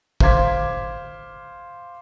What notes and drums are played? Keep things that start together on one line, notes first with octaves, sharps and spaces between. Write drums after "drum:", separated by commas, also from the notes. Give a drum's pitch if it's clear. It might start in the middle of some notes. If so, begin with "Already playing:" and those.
C5 F5 C6 D6 G#6 B6, drum: kick